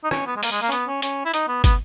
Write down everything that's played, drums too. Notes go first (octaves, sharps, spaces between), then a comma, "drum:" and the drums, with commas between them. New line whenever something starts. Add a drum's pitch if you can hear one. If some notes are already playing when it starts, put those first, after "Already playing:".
D#4
C#4, drum: rim click
B3
G#3
A#3, drum: open hi-hat
G#3
A#3
C#4
B3, drum: hi-hat
C#4
C#4, drum: hi-hat
E4
D#4, drum: hi-hat
B3
B3, drum: kick, hi-hat